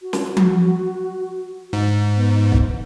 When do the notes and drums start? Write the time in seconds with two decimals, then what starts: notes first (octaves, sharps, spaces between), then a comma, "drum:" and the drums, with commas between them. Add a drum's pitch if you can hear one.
0.01 F#4
0.13 drum: snare
0.37 drum: tom F3
1.73 G#2
2.16 B3
2.52 drum: kick